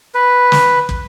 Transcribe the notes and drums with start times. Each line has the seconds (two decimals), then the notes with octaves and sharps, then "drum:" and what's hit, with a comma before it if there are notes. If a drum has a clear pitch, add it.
0.15 B4
0.52 drum: snare
0.89 drum: kick